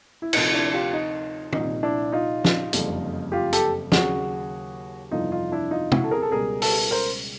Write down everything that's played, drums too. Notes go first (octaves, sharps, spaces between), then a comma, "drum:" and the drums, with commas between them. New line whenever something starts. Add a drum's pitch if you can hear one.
E4
D2 C3 F3 D#4, drum: cymbal
D4 E4
F4 G4
D#4
C2 A#2 F3 D#4, drum: tom
D4 E4
D#4 F4
drum: snare
F#1 F2 D3 G3, drum: hi-hat
F4 G4
G4 A4, drum: hi-hat
D#2 C#3 F#3 F#4 G#4, drum: snare
G1 F2 C3 E3 G3 D#4 F4
D#4 F4
D4 E4
D#4 F4
E4 F#4, drum: tom C3
A4
G#4 A#4
A4
C#2 B2 G3 G#4 A#4
A4 B4, drum: open hi-hat
A#4 C5